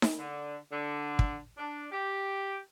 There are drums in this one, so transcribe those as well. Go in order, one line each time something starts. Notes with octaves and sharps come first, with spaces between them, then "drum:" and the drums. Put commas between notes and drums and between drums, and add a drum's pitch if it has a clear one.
drum: snare D#4
D3
D3
drum: kick
D4
G4